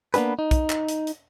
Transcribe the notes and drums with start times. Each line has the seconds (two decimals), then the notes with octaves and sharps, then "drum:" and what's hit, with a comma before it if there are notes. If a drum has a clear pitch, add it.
0.14 A#3 B3 D4 G#4 B4, drum: hi-hat
0.39 D#4
0.51 drum: kick, hi-hat
0.70 drum: clap
0.89 drum: hi-hat
1.07 drum: hi-hat